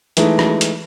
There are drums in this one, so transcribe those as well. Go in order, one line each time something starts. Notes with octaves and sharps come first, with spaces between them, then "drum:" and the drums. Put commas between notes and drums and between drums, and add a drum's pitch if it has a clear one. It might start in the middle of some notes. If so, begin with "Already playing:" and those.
E3 G#3 A3 D#4, drum: hi-hat
drum: rim click
drum: hi-hat